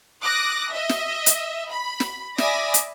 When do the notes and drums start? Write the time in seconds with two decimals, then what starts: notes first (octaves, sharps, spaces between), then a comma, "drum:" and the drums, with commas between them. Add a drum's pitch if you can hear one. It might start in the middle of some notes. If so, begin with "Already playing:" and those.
0.23 D6 D#6 F#6 A#6
0.71 D#5 E5
0.89 drum: snare
1.26 drum: hi-hat
1.69 B5
2.00 drum: snare
2.38 D5 E5 G#5 B5 D#6 A#6, drum: snare
2.74 drum: hi-hat